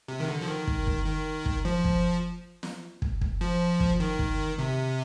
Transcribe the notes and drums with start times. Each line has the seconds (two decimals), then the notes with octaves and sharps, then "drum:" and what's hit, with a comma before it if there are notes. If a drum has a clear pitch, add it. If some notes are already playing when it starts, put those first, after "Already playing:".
0.08 C3
0.20 D#3
0.28 D3
0.41 F3
0.48 D#3
0.67 drum: kick
0.87 drum: kick
1.06 D#3
1.46 drum: kick
1.65 F3
1.85 drum: kick
2.63 drum: snare
3.02 drum: kick
3.21 drum: kick
3.41 F3
3.80 drum: kick
4.00 D#3
4.19 drum: kick
4.59 C3